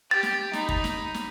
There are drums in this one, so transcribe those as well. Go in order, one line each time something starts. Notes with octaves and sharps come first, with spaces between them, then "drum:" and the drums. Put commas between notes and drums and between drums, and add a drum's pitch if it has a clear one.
G4 A6
drum: snare
D#4 B5, drum: snare
drum: kick
drum: snare
drum: snare